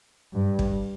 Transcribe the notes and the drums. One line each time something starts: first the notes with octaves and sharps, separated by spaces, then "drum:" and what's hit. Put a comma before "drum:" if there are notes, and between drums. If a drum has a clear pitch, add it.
G2
drum: kick